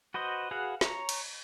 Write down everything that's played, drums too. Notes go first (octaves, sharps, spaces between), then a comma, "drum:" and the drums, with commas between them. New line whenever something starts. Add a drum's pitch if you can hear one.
F#4 B4 C5 D#5
F#4 G#4 B4 F5 F#5
C#5 A#5, drum: snare
drum: cymbal